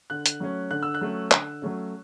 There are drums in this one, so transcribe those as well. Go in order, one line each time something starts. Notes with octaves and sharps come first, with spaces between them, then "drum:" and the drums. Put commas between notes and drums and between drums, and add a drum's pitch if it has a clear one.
D3 F#6
drum: hi-hat
F#3 A3 C#4
D3 F#6
E6
F#6
F#3 A3 C#4
D3, drum: clap
F#3 A3 C#4